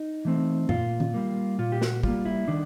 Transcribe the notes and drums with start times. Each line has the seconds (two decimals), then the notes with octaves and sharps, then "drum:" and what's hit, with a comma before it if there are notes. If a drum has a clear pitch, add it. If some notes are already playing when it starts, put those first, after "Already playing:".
Already playing: D#4
0.25 E3 A3 C4
0.69 A#2 F4, drum: tom F#2
1.00 drum: tom D#3
1.14 G3 A#3
1.59 A#2 F4
1.72 G4
1.82 F#4, drum: snare
2.03 G3 A#3 F4, drum: kick
2.25 E4
2.48 D#3 D4